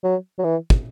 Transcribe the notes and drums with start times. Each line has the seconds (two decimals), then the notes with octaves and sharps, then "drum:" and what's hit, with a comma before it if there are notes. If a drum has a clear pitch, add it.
0.04 F#3
0.38 F#3
0.44 E3
0.70 drum: kick